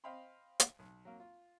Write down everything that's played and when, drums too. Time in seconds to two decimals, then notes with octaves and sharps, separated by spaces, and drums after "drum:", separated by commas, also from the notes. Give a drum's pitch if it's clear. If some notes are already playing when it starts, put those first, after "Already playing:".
0.04 C5 D#5 F5 G5 B5 C6
0.60 drum: hi-hat
0.79 B1
1.05 F#3 A#3
1.20 F4